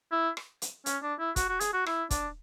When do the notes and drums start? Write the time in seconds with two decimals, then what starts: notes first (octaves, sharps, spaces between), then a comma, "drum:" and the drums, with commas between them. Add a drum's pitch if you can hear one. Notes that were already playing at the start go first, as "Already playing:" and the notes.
0.12 E4
0.37 drum: rim click
0.62 drum: hi-hat
0.86 C#4, drum: hi-hat
1.03 D4
1.19 E4
1.36 F#4, drum: kick, hi-hat
1.49 F#4
1.60 G#4, drum: hi-hat
1.73 F#4
1.86 E4, drum: rim click
2.11 D4, drum: kick, hi-hat